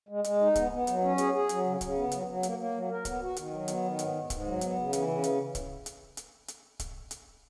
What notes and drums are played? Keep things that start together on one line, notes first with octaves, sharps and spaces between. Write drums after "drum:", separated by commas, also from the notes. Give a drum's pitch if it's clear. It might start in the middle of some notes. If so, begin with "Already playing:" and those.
G#3
G#3, drum: hi-hat
D#4
B3, drum: kick C#1, hi-hat
B3
F#3, drum: hi-hat
C#4
G#4, drum: hi-hat
G#4
F#3, drum: hi-hat
C#3
C#3, drum: kick C#1, hi-hat
B3
F#3, drum: hi-hat
F#3
A#3, drum: hi-hat
A#3
F#3
A#4
B3, drum: kick C#1, hi-hat
F#4
D#3, drum: hi-hat
F#3
B3, drum: hi-hat
D#3
G#2, drum: hi-hat
G#2
G#2, drum: kick C#1, hi-hat
F#3
B3, drum: hi-hat
C#3
E3, drum: hi-hat
C#3
drum: hi-hat
drum: kick C#1, hi-hat
drum: hi-hat
drum: hi-hat
drum: hi-hat
drum: kick C#1, hi-hat
drum: hi-hat